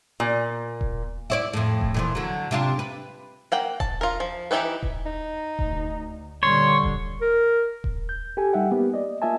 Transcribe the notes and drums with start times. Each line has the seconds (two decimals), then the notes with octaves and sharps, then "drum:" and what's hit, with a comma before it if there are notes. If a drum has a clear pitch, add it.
0.20 A#2
0.81 drum: kick D#1
1.30 E4 C#5 D5
1.53 F2 A2
1.81 drum: kick D#1
1.94 A#2 E3 F3
2.15 D3 F#3
2.51 C3 D4 F4
2.79 B4
3.52 A#3 F#5 G5
3.80 A5, drum: kick D#1
4.01 F4 A#4
4.20 F3
4.51 E3 D#4 E4 G4 B4
4.83 drum: kick D#1
5.06 D#4
5.59 D2, drum: kick D#1
6.43 A#2 D3 G3 C#5 C6
6.83 drum: kick D#1
7.21 A#4
7.84 drum: kick D#1
8.09 G6
8.37 G4 A4 G#5
8.53 G3 D#4 E5 F#5 G5
8.72 A#3 B3 G4
8.94 D5 D#5
9.22 A#3 F4 D#5 E5 G#5 A5